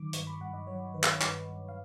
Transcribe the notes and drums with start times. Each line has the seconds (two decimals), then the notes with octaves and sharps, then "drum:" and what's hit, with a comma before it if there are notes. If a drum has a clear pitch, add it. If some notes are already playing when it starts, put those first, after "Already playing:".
Already playing: D#3 F#3 D6
0.13 G2 C#6, drum: hi-hat
0.27 B5
0.40 G2 F#5
0.53 D#5
0.67 F#3 C#5
0.94 D#3 B4
1.04 drum: clap
1.21 G2 B4, drum: clap
1.49 G2
1.68 F5